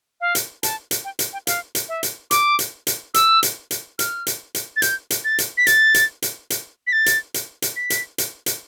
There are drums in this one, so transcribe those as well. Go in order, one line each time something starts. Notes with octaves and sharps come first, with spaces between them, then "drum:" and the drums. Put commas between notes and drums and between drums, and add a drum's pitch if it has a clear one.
F5
drum: hi-hat
A5, drum: hi-hat
drum: hi-hat
G5
drum: hi-hat
G5
F5, drum: hi-hat
drum: hi-hat
E5
drum: hi-hat
D6, drum: hi-hat
drum: hi-hat
drum: hi-hat
E6, drum: hi-hat
drum: hi-hat
drum: hi-hat
F6, drum: hi-hat
drum: hi-hat
drum: hi-hat
A6
G6, drum: hi-hat
drum: hi-hat
A6
drum: hi-hat
B6
A6, drum: hi-hat
drum: hi-hat
drum: hi-hat
drum: hi-hat
B6
A6
drum: hi-hat
drum: hi-hat
drum: hi-hat
B6
drum: hi-hat
drum: hi-hat
drum: hi-hat